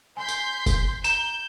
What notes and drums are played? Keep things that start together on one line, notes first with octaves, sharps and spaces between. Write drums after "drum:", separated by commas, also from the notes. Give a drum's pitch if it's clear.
G#5 C6 G6 B6
drum: tambourine
drum: kick, tambourine
A#5 G6 E7, drum: tambourine